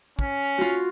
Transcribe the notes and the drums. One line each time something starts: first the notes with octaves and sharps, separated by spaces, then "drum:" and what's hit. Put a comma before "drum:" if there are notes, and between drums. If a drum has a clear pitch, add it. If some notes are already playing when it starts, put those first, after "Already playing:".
C#4, drum: kick
F4 F#4